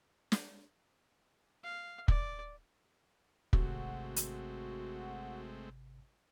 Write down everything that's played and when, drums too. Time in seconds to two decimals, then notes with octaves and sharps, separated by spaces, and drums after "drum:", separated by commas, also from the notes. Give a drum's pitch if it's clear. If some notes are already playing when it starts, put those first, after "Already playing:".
0.32 drum: snare
1.64 F5
2.08 D5, drum: kick
3.53 G#1 C3 G#3 A3 C4 F#4, drum: kick
4.16 drum: hi-hat